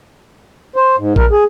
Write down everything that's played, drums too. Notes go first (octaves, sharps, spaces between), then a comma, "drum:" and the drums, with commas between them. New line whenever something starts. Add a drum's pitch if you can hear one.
C5
G#2
A#4, drum: kick
G#4